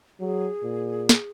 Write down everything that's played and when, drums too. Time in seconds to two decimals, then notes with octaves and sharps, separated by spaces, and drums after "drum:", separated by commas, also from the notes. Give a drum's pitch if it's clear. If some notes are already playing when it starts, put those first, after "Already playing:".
0.20 F#3 G#4
0.63 A#2
1.09 drum: snare